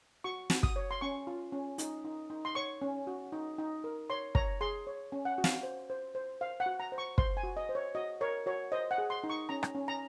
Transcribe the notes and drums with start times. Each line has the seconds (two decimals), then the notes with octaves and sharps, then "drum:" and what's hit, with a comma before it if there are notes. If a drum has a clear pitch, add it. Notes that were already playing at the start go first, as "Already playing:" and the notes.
0.24 F#4 C#6
0.50 F#4, drum: snare
0.63 D#6, drum: kick
0.76 C#5
0.91 C6
1.01 C#4 C#6
1.27 F4
1.52 C#4
1.78 D#4, drum: hi-hat
2.05 D#4
2.30 D#4
2.45 C6
2.55 C#5 C#6
2.82 C#4
3.07 F#4
3.32 D#4
3.58 D#4
3.84 A#4
4.10 C#5 C6
4.35 C#5 A#5, drum: kick
4.61 G#4 C6
4.87 C#5
5.12 C#4
5.25 F#5
5.38 F#4
5.44 F5, drum: snare
5.63 C5
5.90 C5
6.15 C5
6.41 C5 F5
6.60 F#5
6.66 F#4
6.80 A#5
6.92 C5
6.98 C#6
7.18 C5 C6, drum: kick
7.37 G#5
7.43 F#4
7.57 D#5
7.69 C5
7.75 C#5
7.95 F#4 D#5
8.21 A#4 C#5
8.46 F#4 C#5
8.72 C5 D#5
8.91 F#5
8.98 G#4
9.10 C6
9.24 D#4
9.30 C#6
9.49 C#4 A#5
9.63 drum: rim click
9.75 C#4
9.88 A#5